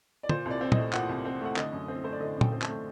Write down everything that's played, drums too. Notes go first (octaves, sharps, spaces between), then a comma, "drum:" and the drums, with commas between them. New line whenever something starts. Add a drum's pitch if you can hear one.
D5
A#2 C5, drum: tom
C2
D5
C4
D#5, drum: tom
A3
A#2 F#5, drum: clap
C2
C4
A3 F#5
D3 D#5, drum: clap
F#2
C4
A3 C5
D5
D3 D#5
F#2
G5, drum: tom
C4
A5, drum: clap
A3